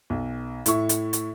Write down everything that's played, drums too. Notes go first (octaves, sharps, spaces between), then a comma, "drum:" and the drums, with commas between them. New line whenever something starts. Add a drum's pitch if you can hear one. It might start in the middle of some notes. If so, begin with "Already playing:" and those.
B1
A2 E4 C#6, drum: hi-hat
drum: hi-hat
drum: hi-hat